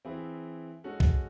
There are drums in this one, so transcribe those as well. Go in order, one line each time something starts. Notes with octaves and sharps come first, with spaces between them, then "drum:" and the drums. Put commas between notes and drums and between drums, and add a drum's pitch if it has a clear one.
E3 C4 E4 G#4
G#3 C#4 F#4 A4
drum: kick A#1